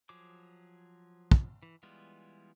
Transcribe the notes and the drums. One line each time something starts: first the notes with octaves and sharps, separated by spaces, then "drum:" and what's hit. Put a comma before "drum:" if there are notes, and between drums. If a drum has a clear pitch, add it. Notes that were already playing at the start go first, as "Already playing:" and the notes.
F3 F#3 G#4 D6
drum: kick
E3
E3 G3 G#3 B3 F4